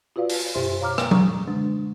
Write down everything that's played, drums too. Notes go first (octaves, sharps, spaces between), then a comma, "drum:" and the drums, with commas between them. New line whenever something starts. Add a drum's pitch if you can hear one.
F4 F#4 B4 D5 F5
drum: open hi-hat
F#2 B2 G4 C5 E5 C6
C#5 F5 A#5 D6 F6
drum: rim click
A#5 C#6 D#6, drum: tom
D3 G#3 D4